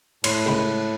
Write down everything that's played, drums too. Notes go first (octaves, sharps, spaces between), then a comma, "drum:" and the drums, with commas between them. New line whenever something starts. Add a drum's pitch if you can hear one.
A2 C#5 C6, drum: cymbal
C#2 D#3 B5